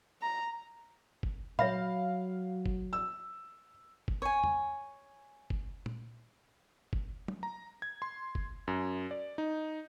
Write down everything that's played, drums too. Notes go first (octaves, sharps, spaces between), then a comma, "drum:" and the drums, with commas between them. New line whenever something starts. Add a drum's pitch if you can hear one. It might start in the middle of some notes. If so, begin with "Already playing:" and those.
A#5
drum: kick
F#3 C#5 E5 F5 B5, drum: tom A#2
drum: kick
E6
drum: kick
C#5 G#5
drum: tom E2
drum: kick
drum: tom A#2
drum: kick
drum: tom
A#5
G#6
C6
drum: kick
F#2
D5
D#4